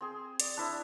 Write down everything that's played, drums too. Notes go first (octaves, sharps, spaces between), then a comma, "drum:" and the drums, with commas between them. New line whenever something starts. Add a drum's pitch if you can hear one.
C4 G#4
D5, drum: hi-hat
D4 E4 C5 E5